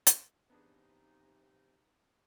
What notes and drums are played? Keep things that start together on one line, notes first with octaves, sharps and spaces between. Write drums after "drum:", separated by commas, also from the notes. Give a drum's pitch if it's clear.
drum: hi-hat
G#2 C3 E3 B3 D4 D#4 G#4